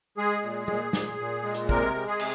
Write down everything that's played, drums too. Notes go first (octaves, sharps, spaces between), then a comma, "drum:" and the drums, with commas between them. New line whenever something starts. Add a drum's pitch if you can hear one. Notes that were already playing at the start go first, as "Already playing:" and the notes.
G#3 G#4
A#2
A#2, drum: tom
A#2, drum: snare
A#2
G#3
drum: hi-hat
C3 A#4, drum: kick
G#3
G#4
C3, drum: cymbal